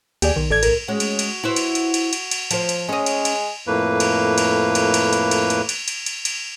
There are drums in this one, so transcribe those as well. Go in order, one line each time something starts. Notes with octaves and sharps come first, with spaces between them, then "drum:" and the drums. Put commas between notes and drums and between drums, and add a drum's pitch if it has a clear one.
D#2 G4 G#4 D5, drum: cymbal
B1 D#3
A1 A4 D5 G#6
B1 A#4, drum: cymbal
G#3 C#4 F#4
drum: cymbal
drum: cymbal
E4 B4 C5
drum: cymbal
drum: cymbal
drum: cymbal
drum: cymbal
drum: cymbal
F3 C5, drum: cymbal
drum: cymbal
G#3 C#4 D#5
drum: cymbal
drum: cymbal
F2 A2 A#3 B4
drum: cymbal
drum: cymbal
drum: cymbal
drum: cymbal
drum: cymbal
drum: cymbal
drum: cymbal
drum: cymbal
drum: cymbal
drum: cymbal
drum: cymbal